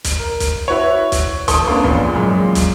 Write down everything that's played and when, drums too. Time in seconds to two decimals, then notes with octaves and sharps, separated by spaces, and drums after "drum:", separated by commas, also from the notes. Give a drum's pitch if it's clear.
0.04 drum: kick, hi-hat
0.19 A#4
0.40 drum: kick, hi-hat
0.68 E4 F#4 B4 C#5
1.12 drum: kick, hi-hat
1.48 A1 A4 B4 C#6 D#6 G7, drum: kick, hi-hat
1.67 A#3 B3 C#4 D4
1.84 A#1 E2 A#2, drum: kick
2.15 F#2 A#2 G#3
2.55 drum: kick, hi-hat